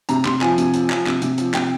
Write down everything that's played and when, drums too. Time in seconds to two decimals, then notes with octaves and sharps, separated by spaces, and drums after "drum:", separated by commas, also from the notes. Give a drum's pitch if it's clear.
0.09 C3 A#5, drum: hi-hat
0.25 C3 C6, drum: clap
0.41 F3 G#5, drum: clap
0.58 C3, drum: hi-hat
0.74 F3, drum: hi-hat
0.90 F3, drum: clap
1.06 C3, drum: clap
1.22 C3, drum: hi-hat
1.38 F3, drum: hi-hat
1.54 C3 G5, drum: clap